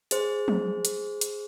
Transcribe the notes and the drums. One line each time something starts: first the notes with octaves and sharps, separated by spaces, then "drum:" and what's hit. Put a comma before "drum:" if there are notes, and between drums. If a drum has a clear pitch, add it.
G#4 C5, drum: hi-hat
drum: tom F3
drum: hi-hat
drum: hi-hat